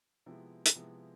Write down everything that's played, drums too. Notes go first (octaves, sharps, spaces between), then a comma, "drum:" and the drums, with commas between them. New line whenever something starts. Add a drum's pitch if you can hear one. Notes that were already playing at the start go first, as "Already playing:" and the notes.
C3 F3 G#3 B3 E4
drum: hi-hat
C3 F3 G#3 B3 E4